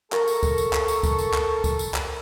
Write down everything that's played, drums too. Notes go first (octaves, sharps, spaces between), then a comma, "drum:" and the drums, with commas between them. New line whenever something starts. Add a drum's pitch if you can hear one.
A4 A#4 C#6, drum: clap
drum: tambourine
drum: kick C#2, tambourine
drum: tambourine
drum: clap
drum: tambourine
drum: kick C#2, tambourine
drum: tambourine
drum: clap
drum: kick C#2, tambourine
drum: tambourine
drum: clap